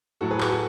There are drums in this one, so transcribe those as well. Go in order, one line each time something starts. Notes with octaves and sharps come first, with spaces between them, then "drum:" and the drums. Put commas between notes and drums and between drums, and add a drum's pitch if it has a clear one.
A2 F#3 F#4 A4
G#4 B4
F#4 A4, drum: clap
F#4